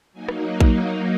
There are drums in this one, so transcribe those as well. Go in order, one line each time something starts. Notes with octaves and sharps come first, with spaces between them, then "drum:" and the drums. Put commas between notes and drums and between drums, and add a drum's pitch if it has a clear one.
F#3 A#3 D#4 G#5
drum: rim click
F#5
drum: kick A#1
F5